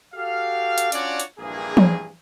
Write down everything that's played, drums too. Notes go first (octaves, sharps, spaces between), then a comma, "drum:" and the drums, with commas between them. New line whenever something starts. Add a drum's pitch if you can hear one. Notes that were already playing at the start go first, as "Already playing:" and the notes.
F#4 G4 A4 F5
drum: hi-hat
C#4 D4 F4 F#4 C#5 D5, drum: hi-hat
drum: hi-hat
A#1 G2 E3 A#3 G#4
drum: tom